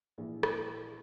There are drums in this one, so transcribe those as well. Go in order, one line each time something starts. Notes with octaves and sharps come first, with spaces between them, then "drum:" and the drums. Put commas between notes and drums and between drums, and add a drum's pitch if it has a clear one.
A#1 E3
drum: rim click